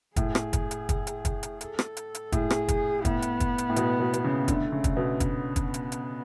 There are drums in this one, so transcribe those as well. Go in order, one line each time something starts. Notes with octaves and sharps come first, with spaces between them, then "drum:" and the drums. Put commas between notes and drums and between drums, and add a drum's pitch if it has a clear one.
A2 G#4, drum: kick, hi-hat
drum: rim click
drum: kick, hi-hat
drum: hi-hat
drum: kick, hi-hat
drum: hi-hat
drum: kick, hi-hat
drum: hi-hat
A4, drum: hi-hat
drum: rim click
drum: hi-hat
drum: hi-hat
A2 G#4, drum: kick, hi-hat
drum: rim click
drum: kick, hi-hat
A2 B3, drum: kick, hi-hat
drum: hi-hat
drum: kick, hi-hat
drum: hi-hat
A2
B2, drum: hi-hat
B2
B2, drum: hi-hat
C#3
D3 A3, drum: kick, hi-hat
C#3
drum: kick, hi-hat
B2
B3, drum: kick, hi-hat
drum: kick, hi-hat
drum: hi-hat
drum: hi-hat